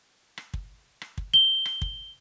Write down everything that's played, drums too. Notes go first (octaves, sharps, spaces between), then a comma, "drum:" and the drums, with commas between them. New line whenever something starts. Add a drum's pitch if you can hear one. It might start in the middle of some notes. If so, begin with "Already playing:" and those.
drum: rim click
drum: kick
drum: rim click
drum: kick
G7
drum: rim click
drum: kick